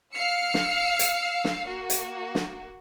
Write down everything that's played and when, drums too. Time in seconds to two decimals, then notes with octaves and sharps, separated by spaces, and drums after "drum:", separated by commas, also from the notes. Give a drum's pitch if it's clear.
0.12 F5 E6 F6 C7 C#7
0.54 drum: snare
0.99 drum: hi-hat
1.44 drum: snare
1.67 A#3 F#4
1.90 drum: hi-hat
2.35 drum: snare